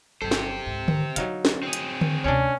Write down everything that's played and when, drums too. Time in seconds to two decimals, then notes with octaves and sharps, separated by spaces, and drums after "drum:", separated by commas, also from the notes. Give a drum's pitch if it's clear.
0.22 G1 F#3 G4 A4 C5
0.31 drum: snare
0.66 C#2 G#2
0.88 drum: tom D3
1.16 D3 F#3 D4 D#4 F5, drum: hi-hat
1.45 drum: snare
1.63 C4 G#4
1.73 drum: hi-hat
2.01 drum: tom D3
2.24 D2 C3 C#4 D4 C#5